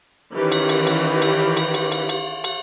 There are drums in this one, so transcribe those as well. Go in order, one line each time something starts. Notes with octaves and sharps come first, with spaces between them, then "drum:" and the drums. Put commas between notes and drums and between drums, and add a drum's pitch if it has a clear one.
D#3 E3 C#4 G4 B4
drum: cymbal
drum: cymbal
drum: cymbal
drum: cymbal
drum: cymbal
drum: cymbal
drum: cymbal
drum: cymbal
drum: cymbal